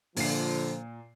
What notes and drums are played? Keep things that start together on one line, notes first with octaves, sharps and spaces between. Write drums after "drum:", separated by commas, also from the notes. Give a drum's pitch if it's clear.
A#2 D3 F3 C7, drum: open hi-hat